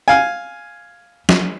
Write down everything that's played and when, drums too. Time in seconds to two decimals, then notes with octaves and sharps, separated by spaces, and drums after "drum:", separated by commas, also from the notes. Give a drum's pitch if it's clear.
0.08 F5 G#5
1.29 drum: snare